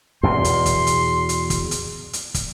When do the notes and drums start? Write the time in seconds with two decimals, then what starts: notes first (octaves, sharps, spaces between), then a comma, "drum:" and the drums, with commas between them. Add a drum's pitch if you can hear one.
0.23 E2 B2 C6
0.44 drum: hi-hat
0.66 drum: kick, hi-hat
0.87 drum: hi-hat
1.29 drum: hi-hat
1.50 drum: kick, hi-hat
1.71 drum: hi-hat
2.13 drum: hi-hat
2.34 drum: kick, hi-hat